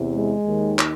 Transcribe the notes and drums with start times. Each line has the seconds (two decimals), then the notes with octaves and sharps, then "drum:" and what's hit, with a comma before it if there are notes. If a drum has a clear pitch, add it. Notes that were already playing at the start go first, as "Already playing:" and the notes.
Already playing: E2 C3 E3
0.13 G#3
0.46 D#2 D#3
0.79 drum: clap